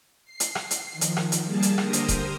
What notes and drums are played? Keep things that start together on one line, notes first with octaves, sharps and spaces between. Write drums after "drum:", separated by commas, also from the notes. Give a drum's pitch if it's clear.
C7
drum: hi-hat
drum: rim click
drum: hi-hat
D#3 F3
drum: hi-hat
drum: rim click
drum: hi-hat
G3 A#3 G#4 A5
drum: hi-hat
D3 A#3 G4 A#4 C5 D#6, drum: rim click
drum: hi-hat
drum: kick D#1, hi-hat